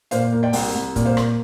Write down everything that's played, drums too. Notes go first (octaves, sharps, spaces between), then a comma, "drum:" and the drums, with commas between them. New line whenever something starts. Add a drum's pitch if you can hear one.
A#2 C5 F5, drum: hi-hat
A#3
D5 G5
C2, drum: open hi-hat
C2
A#2, drum: kick, hi-hat
C5 F5
A#3, drum: rim click